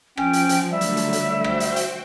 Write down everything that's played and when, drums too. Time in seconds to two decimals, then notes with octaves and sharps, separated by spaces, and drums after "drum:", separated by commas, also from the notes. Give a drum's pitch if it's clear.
0.17 F3 C#4 G5, drum: rim click
0.33 drum: hi-hat
0.49 drum: hi-hat
0.71 D3 F#3 G3 A3 E5
0.81 drum: hi-hat
0.97 drum: hi-hat
1.13 drum: hi-hat
1.35 F#4 C5 G5
1.44 drum: rim click
1.60 drum: hi-hat
1.76 drum: hi-hat